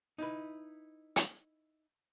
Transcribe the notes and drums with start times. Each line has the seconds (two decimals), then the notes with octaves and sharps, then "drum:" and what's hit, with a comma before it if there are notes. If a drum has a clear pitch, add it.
0.18 D#4 E4 B4
1.16 drum: hi-hat